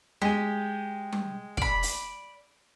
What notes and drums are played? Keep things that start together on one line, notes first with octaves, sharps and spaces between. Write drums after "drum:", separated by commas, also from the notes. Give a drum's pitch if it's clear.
G#3 G4 G#5
drum: tom G3
D5 B5, drum: kick
drum: open hi-hat